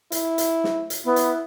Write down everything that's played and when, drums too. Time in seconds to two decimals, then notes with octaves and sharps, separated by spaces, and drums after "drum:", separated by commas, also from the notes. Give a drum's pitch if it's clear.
0.12 E4, drum: hi-hat
0.38 drum: hi-hat
0.64 drum: snare
0.90 drum: hi-hat
1.05 B3 E4
1.16 drum: hi-hat